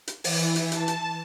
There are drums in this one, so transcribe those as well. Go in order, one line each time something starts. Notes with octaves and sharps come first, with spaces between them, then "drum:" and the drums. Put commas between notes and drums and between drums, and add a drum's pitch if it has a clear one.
drum: hi-hat
E3, drum: open hi-hat
drum: hi-hat
A5, drum: hi-hat
drum: hi-hat